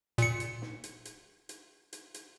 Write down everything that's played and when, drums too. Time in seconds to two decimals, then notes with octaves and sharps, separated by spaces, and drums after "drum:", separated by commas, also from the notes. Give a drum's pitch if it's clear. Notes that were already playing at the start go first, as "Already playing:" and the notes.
0.18 A#2 C#7, drum: hi-hat
0.40 drum: hi-hat
0.62 drum: snare
0.84 drum: hi-hat
1.05 drum: hi-hat
1.49 drum: hi-hat
1.93 drum: hi-hat
2.14 drum: hi-hat